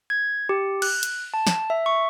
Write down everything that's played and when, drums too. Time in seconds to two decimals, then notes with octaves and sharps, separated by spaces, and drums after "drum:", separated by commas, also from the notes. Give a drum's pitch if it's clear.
0.10 G#6
0.49 G4
0.82 F#6, drum: cymbal
1.03 drum: hi-hat
1.34 A5
1.47 drum: snare
1.70 E5
1.86 C#6